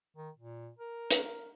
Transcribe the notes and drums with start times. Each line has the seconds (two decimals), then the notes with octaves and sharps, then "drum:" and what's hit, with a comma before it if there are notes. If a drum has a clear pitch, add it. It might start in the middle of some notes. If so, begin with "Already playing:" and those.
0.17 D#3
0.36 A#2
0.79 A#4
1.11 drum: hi-hat